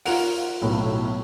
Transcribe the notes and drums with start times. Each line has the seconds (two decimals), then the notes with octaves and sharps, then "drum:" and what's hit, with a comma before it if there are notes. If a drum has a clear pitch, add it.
0.06 F4 A#4 F#5 D7 F7, drum: open hi-hat
0.62 B1 A2